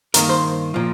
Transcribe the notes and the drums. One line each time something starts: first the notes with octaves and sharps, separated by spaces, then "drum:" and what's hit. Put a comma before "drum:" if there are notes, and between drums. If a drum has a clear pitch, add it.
G2 D#3 A#3 A#4, drum: hi-hat
C5
A#2 F3